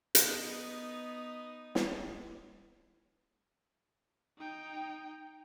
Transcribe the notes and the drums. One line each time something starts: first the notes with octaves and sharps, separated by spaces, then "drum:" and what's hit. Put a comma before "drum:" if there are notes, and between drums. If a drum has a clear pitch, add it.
B3 D#4, drum: hi-hat
drum: snare
D#4 G5